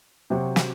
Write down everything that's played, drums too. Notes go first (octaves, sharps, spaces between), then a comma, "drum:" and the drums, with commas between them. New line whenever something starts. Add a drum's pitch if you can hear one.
C3 F#3 C4 F#4
drum: snare